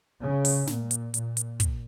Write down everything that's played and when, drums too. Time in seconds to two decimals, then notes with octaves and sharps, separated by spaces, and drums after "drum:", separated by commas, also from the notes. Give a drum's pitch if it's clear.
0.21 C#3
0.45 drum: open hi-hat
0.67 A#2, drum: snare
0.91 drum: hi-hat
1.14 A#2, drum: hi-hat
1.37 drum: hi-hat
1.60 drum: kick, hi-hat